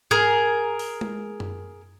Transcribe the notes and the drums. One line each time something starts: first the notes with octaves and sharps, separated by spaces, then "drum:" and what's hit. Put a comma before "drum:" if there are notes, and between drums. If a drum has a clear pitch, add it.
G#4 A#4, drum: tom G#2
drum: open hi-hat
drum: tom G#3
drum: tom F#2